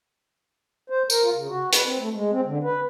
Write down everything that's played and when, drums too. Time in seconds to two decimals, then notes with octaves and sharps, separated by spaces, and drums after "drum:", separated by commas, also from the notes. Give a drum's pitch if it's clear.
0.90 C5
1.10 A#4, drum: tambourine
1.23 F4
1.35 C#3
1.49 F#4
1.72 B4, drum: hi-hat
1.85 C4
1.99 A3
2.13 G#3
2.31 C4
2.46 D3
2.63 B4